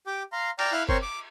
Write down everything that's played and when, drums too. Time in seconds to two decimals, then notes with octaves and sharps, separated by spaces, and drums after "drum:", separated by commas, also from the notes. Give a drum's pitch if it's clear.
0.07 G4 G5 D6
0.32 F5 A#5 C6
0.59 D5 G5 A#5 F6, drum: cymbal
0.72 E4 F5 F6 F#6
0.89 C4 A#4 C5 C#5 C6 C#6, drum: kick F#1
1.02 D6